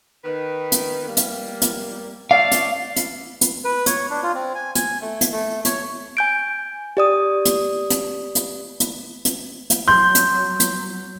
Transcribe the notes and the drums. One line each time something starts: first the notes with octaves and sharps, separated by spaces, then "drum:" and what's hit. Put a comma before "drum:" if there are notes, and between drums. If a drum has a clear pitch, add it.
D#3 B4
drum: hi-hat
G3 A#3
drum: hi-hat
drum: hi-hat
A3 C#5 D5 F5
drum: hi-hat
drum: hi-hat
drum: hi-hat
B4
C#5, drum: hi-hat
D4
F4
C4
G#5
G#5, drum: hi-hat
A3
drum: hi-hat
A3
C#5, drum: hi-hat
G#5 G6 D7
G4 D5 D#6
drum: hi-hat
drum: hi-hat
drum: hi-hat
drum: hi-hat
drum: hi-hat
drum: hi-hat
F#3 C6 G6
drum: hi-hat
drum: hi-hat